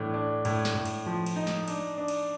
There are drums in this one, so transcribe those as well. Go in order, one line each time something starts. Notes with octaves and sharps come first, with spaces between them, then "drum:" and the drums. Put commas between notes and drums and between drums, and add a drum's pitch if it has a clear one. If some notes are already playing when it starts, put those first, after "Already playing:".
Already playing: A2 E3 D4
D4
A2, drum: cymbal
drum: snare
A2
drum: cymbal
F3
drum: cymbal
D#4
drum: snare
D4, drum: cymbal
D4
drum: cymbal